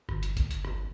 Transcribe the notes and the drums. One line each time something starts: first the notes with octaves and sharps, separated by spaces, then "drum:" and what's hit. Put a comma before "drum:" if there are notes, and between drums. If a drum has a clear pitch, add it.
G1, drum: rim click
drum: hi-hat
drum: kick G1, hi-hat
drum: hi-hat
drum: rim click